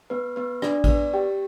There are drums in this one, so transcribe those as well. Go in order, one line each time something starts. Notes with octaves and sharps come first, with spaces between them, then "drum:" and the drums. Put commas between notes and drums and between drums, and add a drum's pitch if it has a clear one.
B3 B4
B3 B4
D4 D5, drum: rim click
D5, drum: kick, cymbal
B3 B4
G4 G5